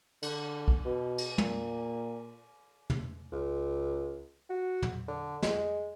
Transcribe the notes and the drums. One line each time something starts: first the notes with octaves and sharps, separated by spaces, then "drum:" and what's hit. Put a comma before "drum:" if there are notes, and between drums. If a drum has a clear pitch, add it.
D3, drum: cymbal
drum: kick
B2
drum: cymbal
A#2, drum: tom
drum: tom
C#2
F#4
drum: tom
D3
G#3, drum: snare